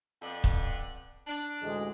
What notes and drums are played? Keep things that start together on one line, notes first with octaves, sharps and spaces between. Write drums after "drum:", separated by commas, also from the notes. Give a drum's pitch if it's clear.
F2 B3 D5
drum: kick C#1
D4
A1 D2 G#3